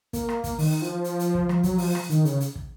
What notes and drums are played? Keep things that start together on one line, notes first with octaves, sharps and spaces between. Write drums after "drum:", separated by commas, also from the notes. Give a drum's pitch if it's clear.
A#3, drum: kick, hi-hat
drum: rim click
drum: kick, hi-hat
D#3, drum: open hi-hat
F3
drum: hi-hat
drum: hi-hat
drum: kick
F3, drum: rim click
F#3, drum: kick, hi-hat
F3, drum: open hi-hat
drum: rim click
D#3, drum: hi-hat
C#3, drum: hi-hat
drum: hi-hat
drum: kick